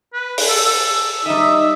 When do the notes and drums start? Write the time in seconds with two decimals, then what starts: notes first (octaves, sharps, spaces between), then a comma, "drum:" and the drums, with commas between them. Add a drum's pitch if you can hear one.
0.14 B4
0.38 drum: open hi-hat
0.48 A4 E6
1.26 G3 D#4 D#5 E5